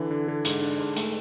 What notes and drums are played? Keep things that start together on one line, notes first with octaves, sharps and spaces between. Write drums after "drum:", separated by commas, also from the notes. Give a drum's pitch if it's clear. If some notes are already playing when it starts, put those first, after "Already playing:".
Already playing: D3 E3
D3
D3
G#2, drum: hi-hat
D4
G#2
A3, drum: hi-hat